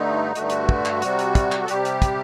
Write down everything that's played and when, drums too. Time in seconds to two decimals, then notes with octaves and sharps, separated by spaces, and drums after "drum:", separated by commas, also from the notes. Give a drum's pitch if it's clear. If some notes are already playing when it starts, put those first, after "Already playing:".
Already playing: G2 D3 A3 D#4
0.35 G2 D3 A3 F#4, drum: hi-hat
0.42 D#4
0.50 F#4, drum: hi-hat
0.69 drum: kick
0.85 drum: clap
1.02 C3 G3, drum: hi-hat
1.19 drum: hi-hat
1.35 drum: kick, hi-hat
1.52 drum: clap
1.64 A4
1.68 C3 G3 G4, drum: hi-hat
1.85 drum: hi-hat
2.02 drum: kick, hi-hat